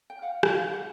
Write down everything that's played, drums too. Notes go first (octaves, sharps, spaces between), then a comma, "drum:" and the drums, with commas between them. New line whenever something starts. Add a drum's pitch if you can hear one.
G5
F5 F#5
G4 A4, drum: rim click
F5
F#5